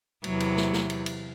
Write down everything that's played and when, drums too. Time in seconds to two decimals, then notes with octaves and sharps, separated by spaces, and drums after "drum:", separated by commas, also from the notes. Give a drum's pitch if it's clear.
0.24 E2 C3 F#3, drum: cymbal
0.40 drum: cymbal
0.57 drum: snare
0.73 drum: snare
0.90 drum: cymbal
1.06 drum: cymbal